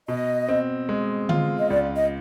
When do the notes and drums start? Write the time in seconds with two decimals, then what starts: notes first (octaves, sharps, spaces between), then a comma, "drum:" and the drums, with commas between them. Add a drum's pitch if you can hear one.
0.08 B2 D#5
0.49 C4
0.89 G#3
1.29 F4, drum: tom D3
1.58 D#5
1.69 C#2 D5
1.97 D#5